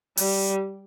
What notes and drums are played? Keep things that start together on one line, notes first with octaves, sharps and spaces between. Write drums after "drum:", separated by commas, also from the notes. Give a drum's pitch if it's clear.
G3, drum: open hi-hat